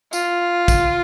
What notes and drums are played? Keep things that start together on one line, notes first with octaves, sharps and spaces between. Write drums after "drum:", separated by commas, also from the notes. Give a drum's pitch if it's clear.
F4, drum: tambourine
drum: kick, tambourine